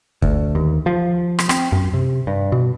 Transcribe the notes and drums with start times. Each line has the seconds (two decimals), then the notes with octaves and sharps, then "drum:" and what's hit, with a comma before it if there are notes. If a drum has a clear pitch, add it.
0.22 D2, drum: kick
0.55 D#2
0.86 F3
1.39 drum: rim click
1.49 C4, drum: rim click
1.72 F#2
1.94 C3
2.27 G2
2.52 B2